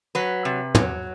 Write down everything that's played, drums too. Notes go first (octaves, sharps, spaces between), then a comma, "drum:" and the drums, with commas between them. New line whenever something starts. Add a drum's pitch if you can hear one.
F#3 B4
C3
F#3, drum: tom